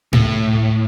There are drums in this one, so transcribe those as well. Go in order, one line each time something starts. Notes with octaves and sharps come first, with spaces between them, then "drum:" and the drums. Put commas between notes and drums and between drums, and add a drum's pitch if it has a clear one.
A2, drum: tom A2